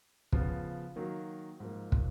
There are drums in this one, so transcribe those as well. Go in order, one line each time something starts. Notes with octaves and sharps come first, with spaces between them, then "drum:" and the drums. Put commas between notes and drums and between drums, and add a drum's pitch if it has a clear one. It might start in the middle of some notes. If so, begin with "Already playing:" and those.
C#3 F3 B3, drum: kick
D#3 F#3 A#3
G#2 F3 A#3
drum: kick